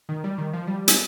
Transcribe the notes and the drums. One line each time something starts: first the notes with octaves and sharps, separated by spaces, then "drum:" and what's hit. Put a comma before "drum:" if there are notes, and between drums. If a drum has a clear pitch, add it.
D#3
G3
D#3
F3
G3
drum: hi-hat